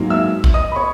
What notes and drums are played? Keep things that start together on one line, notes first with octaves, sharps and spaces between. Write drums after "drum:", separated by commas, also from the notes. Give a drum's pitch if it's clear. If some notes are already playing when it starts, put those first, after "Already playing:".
Already playing: G#2 F#3 A#3
E5 E6
drum: kick
D#5 D#6
B5
C#5 C#6